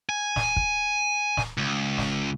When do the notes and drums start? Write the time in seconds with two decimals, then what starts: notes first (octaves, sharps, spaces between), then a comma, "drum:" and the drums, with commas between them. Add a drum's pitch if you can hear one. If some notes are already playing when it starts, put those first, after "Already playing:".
0.09 G#5
0.36 drum: snare
0.56 drum: kick
1.37 drum: snare
1.58 C#2
1.98 drum: snare